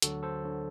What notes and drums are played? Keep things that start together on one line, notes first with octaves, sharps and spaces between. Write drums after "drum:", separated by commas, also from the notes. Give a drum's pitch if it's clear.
D2 D3 F#3 F#4 A4, drum: hi-hat
A4 C5
D3 F#3